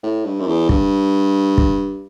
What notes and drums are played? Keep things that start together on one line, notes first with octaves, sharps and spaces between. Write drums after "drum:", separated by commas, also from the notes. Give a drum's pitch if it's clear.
A2
G2
F#2
E2
G2, drum: kick
drum: kick